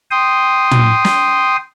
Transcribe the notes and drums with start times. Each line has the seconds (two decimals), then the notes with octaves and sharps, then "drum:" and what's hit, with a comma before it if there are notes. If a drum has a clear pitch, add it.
0.11 G5 C6 D#6
0.71 drum: tom
1.05 drum: snare